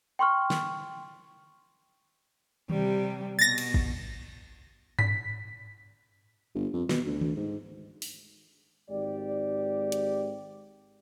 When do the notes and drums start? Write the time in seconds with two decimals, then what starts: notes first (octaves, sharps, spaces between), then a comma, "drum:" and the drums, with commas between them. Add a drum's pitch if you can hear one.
0.19 G5 C6 C#6 F6
0.50 drum: snare
2.70 C3 G3, drum: tom D#3
3.39 B2 A6 A#6
3.58 drum: cymbal
3.74 drum: kick G1
4.99 B6, drum: tom G2
6.55 G1
6.73 F2
6.89 B2, drum: snare
7.06 D2
7.21 drum: tom D#3
7.36 G#2
8.02 drum: open hi-hat
8.90 G#1 G#2 G4 D5
9.92 drum: hi-hat